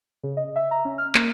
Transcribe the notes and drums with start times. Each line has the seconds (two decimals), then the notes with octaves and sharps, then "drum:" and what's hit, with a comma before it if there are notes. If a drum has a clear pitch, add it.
0.23 C#3
0.37 D#5
0.56 E5
0.71 A#5
0.85 C#4
0.98 F6
1.15 A#3, drum: clap